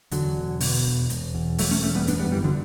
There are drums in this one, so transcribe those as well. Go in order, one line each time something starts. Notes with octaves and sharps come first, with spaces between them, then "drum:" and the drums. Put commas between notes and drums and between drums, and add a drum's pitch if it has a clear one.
E2 D3 F#3, drum: hi-hat
E1
B2, drum: open hi-hat
E1
E1, drum: hi-hat
E2
E1 F#3 A3, drum: open hi-hat
A3 C#4
E2 A3 C#4
G3 B3
F#2 B3 D4, drum: hi-hat
G3 B3
G1 E3 G3
D3 F#3